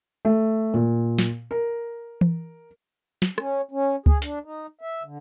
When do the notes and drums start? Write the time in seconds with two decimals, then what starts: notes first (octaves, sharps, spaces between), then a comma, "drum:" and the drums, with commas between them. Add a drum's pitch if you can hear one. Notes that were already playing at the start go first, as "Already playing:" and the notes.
0.25 A3
0.74 A#2
1.19 drum: snare
1.51 A#4
2.21 drum: tom E3
3.22 drum: snare
3.38 C#4, drum: rim click
3.71 C#4
4.06 G#4, drum: kick C#2
4.22 D4, drum: hi-hat
4.44 D#4
4.81 E5
5.03 D3